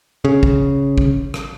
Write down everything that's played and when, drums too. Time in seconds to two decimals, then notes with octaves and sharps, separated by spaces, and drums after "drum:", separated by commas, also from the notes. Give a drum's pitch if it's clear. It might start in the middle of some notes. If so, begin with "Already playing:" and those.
0.25 C#3
0.43 drum: kick
0.98 drum: kick
1.34 drum: rim click